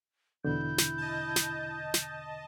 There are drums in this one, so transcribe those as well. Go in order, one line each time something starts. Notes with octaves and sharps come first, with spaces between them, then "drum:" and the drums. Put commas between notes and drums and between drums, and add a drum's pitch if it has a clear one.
E2 B2 D3 E4 G6
drum: snare
D#5 A5
drum: snare
drum: snare